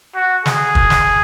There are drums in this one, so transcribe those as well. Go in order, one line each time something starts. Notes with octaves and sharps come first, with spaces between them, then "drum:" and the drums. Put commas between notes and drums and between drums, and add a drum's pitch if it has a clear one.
F#4
G#4, drum: snare
drum: kick
drum: snare